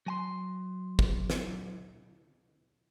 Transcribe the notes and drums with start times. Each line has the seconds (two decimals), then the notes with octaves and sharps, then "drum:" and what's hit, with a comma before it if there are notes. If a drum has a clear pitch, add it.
0.06 F#3 G#5 C6
0.99 drum: kick
1.30 drum: snare